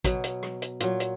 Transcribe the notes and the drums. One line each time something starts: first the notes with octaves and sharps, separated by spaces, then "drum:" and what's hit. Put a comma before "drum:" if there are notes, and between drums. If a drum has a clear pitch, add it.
B2 F#3, drum: kick, hi-hat
drum: hi-hat
drum: rim click
drum: hi-hat
A#2 F#3, drum: hi-hat
drum: hi-hat